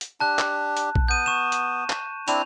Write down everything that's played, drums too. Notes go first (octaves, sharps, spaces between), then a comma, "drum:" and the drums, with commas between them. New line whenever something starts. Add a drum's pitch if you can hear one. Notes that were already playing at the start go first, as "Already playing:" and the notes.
drum: hi-hat
D4 G4 A5 F#6
drum: clap
drum: hi-hat
drum: kick A#1
B3 G6 D#7
C#6 E7
drum: hi-hat
drum: clap
C4 D4 E4 F7, drum: hi-hat